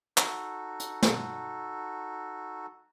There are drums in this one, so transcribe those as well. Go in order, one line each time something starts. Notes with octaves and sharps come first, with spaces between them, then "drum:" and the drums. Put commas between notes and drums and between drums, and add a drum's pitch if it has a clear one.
D#4 F#4 A4, drum: clap
drum: hi-hat
drum: snare